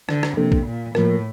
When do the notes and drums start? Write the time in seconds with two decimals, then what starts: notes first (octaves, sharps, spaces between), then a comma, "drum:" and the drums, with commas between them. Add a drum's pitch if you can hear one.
0.09 D3, drum: rim click
0.23 drum: rim click
0.37 C3 F3 A#3 D4 A4
0.52 drum: kick A#1
0.66 A#2
0.95 A2 F3 A#3 F4 A#4, drum: rim click